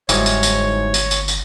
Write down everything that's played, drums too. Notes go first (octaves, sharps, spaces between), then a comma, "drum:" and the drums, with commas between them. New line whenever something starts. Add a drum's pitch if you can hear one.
G1 G#2 F#3 G3 E4 C#5, drum: tambourine
drum: tambourine
drum: tambourine
drum: tambourine
drum: tambourine
drum: tambourine